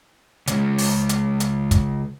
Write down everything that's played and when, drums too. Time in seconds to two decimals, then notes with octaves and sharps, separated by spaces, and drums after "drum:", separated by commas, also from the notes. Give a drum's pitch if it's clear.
0.47 C#3 G#3, drum: hi-hat
0.78 drum: open hi-hat
1.09 drum: hi-hat
1.40 drum: hi-hat
1.71 drum: kick, hi-hat